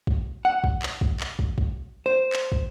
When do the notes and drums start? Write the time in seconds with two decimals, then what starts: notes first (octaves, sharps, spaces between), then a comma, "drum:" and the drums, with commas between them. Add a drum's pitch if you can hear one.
0.07 drum: kick
0.45 F#5
0.64 drum: kick
0.82 drum: clap
1.01 drum: kick
1.20 drum: clap
1.39 drum: kick
1.58 drum: kick
2.06 C5
2.33 drum: clap
2.52 drum: kick